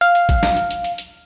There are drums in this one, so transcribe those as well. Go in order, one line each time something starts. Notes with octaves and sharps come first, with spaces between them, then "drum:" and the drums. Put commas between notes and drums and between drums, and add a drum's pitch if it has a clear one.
F5, drum: hi-hat
drum: hi-hat
drum: kick, hi-hat
drum: snare
drum: hi-hat
drum: hi-hat
drum: hi-hat
drum: hi-hat